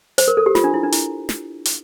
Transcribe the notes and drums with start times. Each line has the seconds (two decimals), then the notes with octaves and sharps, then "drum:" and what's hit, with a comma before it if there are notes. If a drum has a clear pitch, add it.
0.18 C5, drum: hi-hat
0.28 A#4
0.37 A4
0.46 G4
0.55 F4, drum: snare
0.64 D4
0.74 E4
0.83 D4
0.92 E4, drum: hi-hat
1.29 drum: snare
1.65 drum: hi-hat